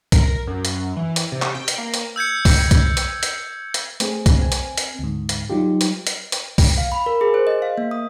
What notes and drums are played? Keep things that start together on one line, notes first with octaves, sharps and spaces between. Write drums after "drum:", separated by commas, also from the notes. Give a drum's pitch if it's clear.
A#4, drum: kick, hi-hat
F#2
drum: hi-hat
E3
drum: hi-hat
C3
drum: clap
G5
drum: hi-hat
A#3
drum: hi-hat
E6 G6 G#6 C#7
drum: kick, open hi-hat
drum: kick, hi-hat
drum: hi-hat
drum: hi-hat
drum: hi-hat
A3 C4 G#4, drum: hi-hat
drum: kick, hi-hat
C4 G#5
drum: hi-hat
drum: hi-hat
D2 G#2
drum: hi-hat
F#3 G3 D#4 F4 G4
drum: hi-hat
drum: hi-hat
drum: hi-hat
drum: kick, open hi-hat
F5
B5
A#4
G#4
C5
D#5
F5
A#3
D#6